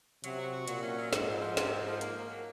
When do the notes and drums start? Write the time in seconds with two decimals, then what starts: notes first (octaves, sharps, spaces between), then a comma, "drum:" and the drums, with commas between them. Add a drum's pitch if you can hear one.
0.24 C3 F#3, drum: hi-hat
0.39 F#4
0.53 F#4
0.68 A#2 F#3, drum: hi-hat
0.83 C#4
0.98 F#3
1.13 F2 G#2, drum: snare
1.28 F2
1.42 F3
1.57 C3, drum: snare
1.72 F2
1.87 F3
2.01 A#3, drum: hi-hat
2.16 A#3
2.31 F#3